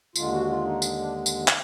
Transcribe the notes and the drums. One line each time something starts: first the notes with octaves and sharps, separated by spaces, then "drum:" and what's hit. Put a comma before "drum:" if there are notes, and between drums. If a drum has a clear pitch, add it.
D#2 D3 G#3 F4, drum: tambourine
F#4
F4
D#4
drum: tambourine
D4
drum: tambourine
drum: clap